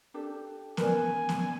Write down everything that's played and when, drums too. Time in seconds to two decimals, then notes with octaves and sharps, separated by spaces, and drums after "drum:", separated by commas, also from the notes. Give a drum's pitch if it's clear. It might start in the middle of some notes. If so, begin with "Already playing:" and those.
0.14 D4 G4 A4
0.77 A#4 B4 D5 G#5, drum: snare B3
1.29 drum: snare B3